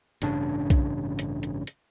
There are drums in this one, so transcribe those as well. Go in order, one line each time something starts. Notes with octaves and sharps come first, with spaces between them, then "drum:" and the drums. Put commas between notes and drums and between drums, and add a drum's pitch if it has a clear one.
A1 G2 C#3 D4, drum: hi-hat
drum: kick B1, hi-hat
drum: hi-hat
drum: hi-hat
drum: hi-hat